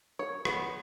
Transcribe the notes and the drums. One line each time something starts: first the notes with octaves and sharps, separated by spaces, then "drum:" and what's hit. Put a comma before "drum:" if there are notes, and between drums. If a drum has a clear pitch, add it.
C#5
B3, drum: rim click